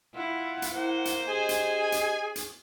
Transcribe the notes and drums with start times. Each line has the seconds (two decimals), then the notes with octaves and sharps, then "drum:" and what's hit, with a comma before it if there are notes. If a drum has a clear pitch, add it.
0.15 E4 F4 F#5
0.62 drum: hi-hat
0.74 A#3 E4 C5
1.05 drum: hi-hat
1.27 D4 G4 G#4 D#5 G#5
1.49 drum: hi-hat
1.92 drum: hi-hat
2.36 drum: hi-hat